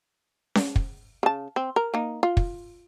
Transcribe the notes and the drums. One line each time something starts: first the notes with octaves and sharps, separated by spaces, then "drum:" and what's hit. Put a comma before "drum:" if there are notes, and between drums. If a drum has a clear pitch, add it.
drum: snare C#4
drum: kick
C#3 A5
C4
A#4
A#3 D#4
F4
drum: kick